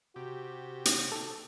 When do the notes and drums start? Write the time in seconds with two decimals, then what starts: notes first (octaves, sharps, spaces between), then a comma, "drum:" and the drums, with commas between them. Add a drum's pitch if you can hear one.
0.16 C3 F#4 G4
0.85 drum: hi-hat
1.12 A4